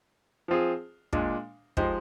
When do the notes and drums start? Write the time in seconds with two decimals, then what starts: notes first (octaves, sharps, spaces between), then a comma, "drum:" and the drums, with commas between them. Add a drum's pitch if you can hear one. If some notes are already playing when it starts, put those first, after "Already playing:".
0.48 F3 C4 F4 G#4
1.13 A#2 G#3 D4, drum: kick
1.77 F3 G#3 D#4 G4 C5, drum: kick